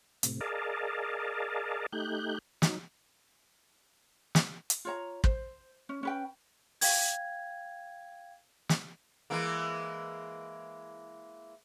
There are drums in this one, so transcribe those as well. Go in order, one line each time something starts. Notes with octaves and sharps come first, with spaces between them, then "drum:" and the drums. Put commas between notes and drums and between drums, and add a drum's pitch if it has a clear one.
A2 C3, drum: hi-hat
G#4 A#4 D5 D#5 F5 A5
A3 D#4 G4 F#6 G6
F#3 D#4, drum: snare
drum: snare
drum: hi-hat
F4 C#5 A#5
C5, drum: kick
C#4
C#4 B4 G5
F5 G5 G#6, drum: open hi-hat
drum: snare
E3 G#3 A#3